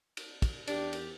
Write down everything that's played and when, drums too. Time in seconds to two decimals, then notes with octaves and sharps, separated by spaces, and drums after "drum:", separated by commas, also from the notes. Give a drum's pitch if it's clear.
0.17 drum: cymbal
0.42 drum: kick, cymbal
0.67 E2 D4 G4, drum: cymbal
0.93 drum: cymbal